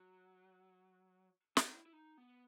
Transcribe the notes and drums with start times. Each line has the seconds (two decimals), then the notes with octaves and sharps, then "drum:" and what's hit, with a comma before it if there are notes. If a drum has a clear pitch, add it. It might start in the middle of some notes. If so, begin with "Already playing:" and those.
Already playing: F#3
1.57 E4, drum: snare
1.65 D#4
1.75 E4
1.86 E4
1.93 D#4
2.18 B3